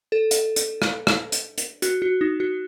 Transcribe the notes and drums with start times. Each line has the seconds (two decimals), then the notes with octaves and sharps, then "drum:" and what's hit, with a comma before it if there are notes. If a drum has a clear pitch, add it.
0.12 A4
0.31 drum: hi-hat
0.56 drum: hi-hat
0.82 drum: rim click
1.07 drum: rim click
1.32 drum: hi-hat
1.58 drum: hi-hat
1.82 F#4, drum: hi-hat
2.02 F#4
2.21 D#4
2.40 F#4